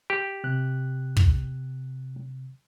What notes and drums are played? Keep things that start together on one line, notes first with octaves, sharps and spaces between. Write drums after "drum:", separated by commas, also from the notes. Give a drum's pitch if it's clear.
G4
C3 F#6
drum: kick